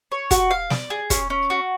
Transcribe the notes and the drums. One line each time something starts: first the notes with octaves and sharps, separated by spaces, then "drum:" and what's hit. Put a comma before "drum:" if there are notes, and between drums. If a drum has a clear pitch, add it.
C#5
F#4, drum: kick, hi-hat
F5
D5, drum: snare
G#4
C#4, drum: kick, hi-hat
C#4
F#4